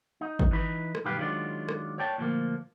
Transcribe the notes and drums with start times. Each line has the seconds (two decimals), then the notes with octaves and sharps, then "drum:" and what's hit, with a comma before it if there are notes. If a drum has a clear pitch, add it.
0.21 D#4
0.39 drum: kick
0.51 E3 D#4 B4
0.95 drum: rim click
1.04 B1 G2 D#3 G4 B4 F5
1.18 D#3 F#3 G#3 D4 F4
1.69 drum: rim click
1.98 C#5 D5 G5 A5
2.18 D2 A#2 F3 G3 A#3